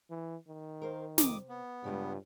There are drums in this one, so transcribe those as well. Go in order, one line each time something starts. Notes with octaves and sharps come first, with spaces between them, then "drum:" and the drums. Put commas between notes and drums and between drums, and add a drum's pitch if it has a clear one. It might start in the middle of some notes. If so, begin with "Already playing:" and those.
E3
D#3
A#4 C5 F5
F2 C3 D6 D#6, drum: snare
B3
G2 C#3 G#3 F4